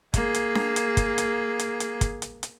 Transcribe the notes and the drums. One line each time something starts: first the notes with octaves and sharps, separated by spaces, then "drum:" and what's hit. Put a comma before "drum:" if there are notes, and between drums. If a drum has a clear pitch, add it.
A#3 G#4, drum: kick, hi-hat
drum: hi-hat
drum: snare D4
drum: hi-hat
drum: kick, hi-hat
drum: hi-hat
drum: hi-hat
drum: hi-hat
drum: kick, hi-hat
drum: hi-hat
drum: hi-hat